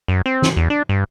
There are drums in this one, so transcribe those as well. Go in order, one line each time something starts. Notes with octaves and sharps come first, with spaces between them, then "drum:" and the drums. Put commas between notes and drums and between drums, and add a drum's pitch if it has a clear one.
F#2
C4
drum: snare
E2
D4
G2